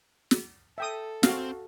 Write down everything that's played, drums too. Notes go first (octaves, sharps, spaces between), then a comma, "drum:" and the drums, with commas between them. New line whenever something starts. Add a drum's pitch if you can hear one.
drum: snare
A4 E5 G5 D#6
C4 F#4 F5, drum: snare